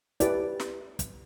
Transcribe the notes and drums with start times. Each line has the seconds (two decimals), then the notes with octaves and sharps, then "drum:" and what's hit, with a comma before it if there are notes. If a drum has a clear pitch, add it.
0.20 E4 G4 B4 D5, drum: kick, hi-hat
0.60 drum: snare
0.99 drum: kick, hi-hat